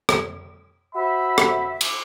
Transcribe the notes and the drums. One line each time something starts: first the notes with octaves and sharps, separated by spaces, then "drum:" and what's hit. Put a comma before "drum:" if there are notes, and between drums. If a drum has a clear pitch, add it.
drum: rim click
F#4 C5 E5 B5
drum: rim click
drum: cymbal